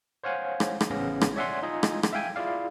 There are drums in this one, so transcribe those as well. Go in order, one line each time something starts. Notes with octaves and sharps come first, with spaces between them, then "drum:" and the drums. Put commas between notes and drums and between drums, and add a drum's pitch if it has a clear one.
C5 C#5 F5 F#5 G#5
drum: rim click
drum: rim click
A1 C#3 B3 C#4 A#6
drum: rim click
C#5 D5 E5 F#5 G#5 C6
D#4 F4 D#5 G#5
drum: rim click
drum: rim click
E5 F5 G5 G#5
E4 F4 G#4 D5 F5